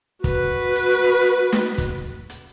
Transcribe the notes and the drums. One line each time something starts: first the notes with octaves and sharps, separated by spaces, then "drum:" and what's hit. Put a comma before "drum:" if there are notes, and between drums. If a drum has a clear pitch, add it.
F#4 B4, drum: kick, hi-hat
drum: hi-hat
drum: hi-hat
drum: snare
drum: kick, hi-hat
drum: hi-hat